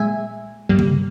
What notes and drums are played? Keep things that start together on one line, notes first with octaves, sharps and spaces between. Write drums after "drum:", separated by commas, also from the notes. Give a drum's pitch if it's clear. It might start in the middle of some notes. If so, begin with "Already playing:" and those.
Already playing: A#2 G#3 E5 G#5
G2 G3 A#3
drum: tom C3